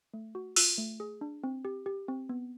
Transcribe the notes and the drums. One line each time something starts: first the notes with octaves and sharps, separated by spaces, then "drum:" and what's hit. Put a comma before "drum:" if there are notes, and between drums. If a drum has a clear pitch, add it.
A3
F#4
F4 E6 F#6, drum: open hi-hat
A3
G#4
D4
C4
G4
G4
C4
B3